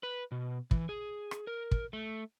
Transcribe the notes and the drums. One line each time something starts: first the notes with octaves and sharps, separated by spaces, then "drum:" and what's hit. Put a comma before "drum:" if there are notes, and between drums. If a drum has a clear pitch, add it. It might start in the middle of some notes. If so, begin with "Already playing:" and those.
B4
B2
E3, drum: kick
G#4
drum: rim click
A#4
drum: kick
A3